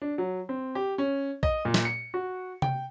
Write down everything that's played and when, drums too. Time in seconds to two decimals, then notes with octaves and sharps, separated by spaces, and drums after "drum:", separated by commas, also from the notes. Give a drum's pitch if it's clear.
0.02 D4
0.18 F#3
0.49 C4
0.75 G4
0.98 C#4
1.43 D#5, drum: kick A#1
1.65 A#2
1.74 drum: snare
1.85 C#7
2.14 F#4
2.62 G5, drum: tom C3